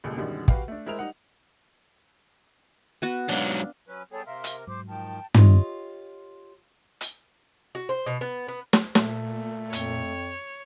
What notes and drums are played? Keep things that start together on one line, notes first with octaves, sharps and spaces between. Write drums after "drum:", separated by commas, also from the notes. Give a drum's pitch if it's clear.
D#1 C#2 A#2 G#3 A4
F#2 B2 D3 D#3 G3 G#3
F#4 G4 B4 F5 G5, drum: kick
A3 D4
G#3 E4 A#4 C5 F7
G3 D#4 F#5
B3 F#4
G#2 F#3 D4 F5
F#3 C#4 B4
G3 B3 G#4 A4 C#5 G5
C3 A#4 E5 F5 C6
drum: hi-hat
G#2 F#3 C5 D6
D#3 F3 G5 A5
F4 G4 C#5 D#5, drum: tom
drum: hi-hat
F#4
C5
B2
B3
B3
drum: snare
A#2 A3, drum: snare
F2 C#5, drum: hi-hat